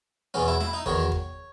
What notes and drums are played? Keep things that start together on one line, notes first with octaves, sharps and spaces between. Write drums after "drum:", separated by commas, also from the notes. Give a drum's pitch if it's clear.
E2 B2 F#3 C#4
E4
E4, drum: snare
D#4
E2 D#3 F#3 C#5, drum: kick
drum: kick